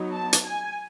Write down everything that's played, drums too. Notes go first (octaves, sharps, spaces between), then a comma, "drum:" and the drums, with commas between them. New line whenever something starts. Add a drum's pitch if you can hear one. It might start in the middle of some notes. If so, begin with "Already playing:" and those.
Already playing: F#3 B3 D#4
A5
drum: hi-hat
G#5